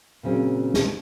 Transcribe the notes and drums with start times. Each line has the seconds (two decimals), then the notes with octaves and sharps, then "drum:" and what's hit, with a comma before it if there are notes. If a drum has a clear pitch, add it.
0.23 A#2 C#3 F#3 C4
0.74 drum: snare